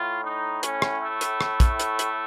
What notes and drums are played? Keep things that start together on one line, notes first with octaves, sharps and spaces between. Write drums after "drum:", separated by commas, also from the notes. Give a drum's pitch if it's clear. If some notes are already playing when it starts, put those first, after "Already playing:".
Already playing: A2 F4
D#4
C#4, drum: hi-hat
drum: rim click
A3
drum: hi-hat
drum: rim click
drum: kick, hi-hat
drum: hi-hat
drum: hi-hat